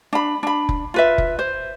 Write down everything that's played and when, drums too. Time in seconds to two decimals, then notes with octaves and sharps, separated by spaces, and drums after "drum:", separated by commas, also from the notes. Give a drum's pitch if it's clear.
0.13 D4 B5
0.43 D4 B5
0.69 drum: kick F1
0.94 F4 B4 E5
1.18 drum: kick F1
1.39 C5